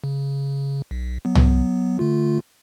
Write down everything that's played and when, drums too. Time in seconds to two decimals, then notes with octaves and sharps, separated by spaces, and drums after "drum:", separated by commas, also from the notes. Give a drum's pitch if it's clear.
0.04 C#3
0.91 B1
1.25 F#3 B3
1.35 drum: tom C2
1.99 D3 A3 F4